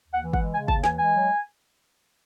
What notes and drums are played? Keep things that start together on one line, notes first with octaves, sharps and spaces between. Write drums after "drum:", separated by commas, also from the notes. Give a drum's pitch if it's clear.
D#2
F#5
E3
F#5, drum: kick
G#3
C#3 G#5
D#2 A5, drum: kick
E3 G#5, drum: snare
G#3 G#5
F#3